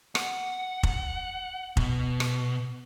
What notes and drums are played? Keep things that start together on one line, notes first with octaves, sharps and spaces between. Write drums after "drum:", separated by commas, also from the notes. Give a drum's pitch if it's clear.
F#5, drum: rim click
drum: kick F1
B2, drum: kick F1
drum: rim click